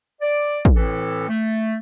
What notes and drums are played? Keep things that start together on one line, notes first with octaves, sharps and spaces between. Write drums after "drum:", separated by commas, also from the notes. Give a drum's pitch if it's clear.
D5
drum: kick
A2 E3 C4 A4
A3